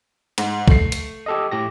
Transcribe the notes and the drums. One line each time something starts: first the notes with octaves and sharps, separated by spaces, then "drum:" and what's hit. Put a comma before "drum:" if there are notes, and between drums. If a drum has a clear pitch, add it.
G#2, drum: hi-hat
A3 C7, drum: kick
drum: hi-hat
G4 A4 D#5
A2 G4 A#6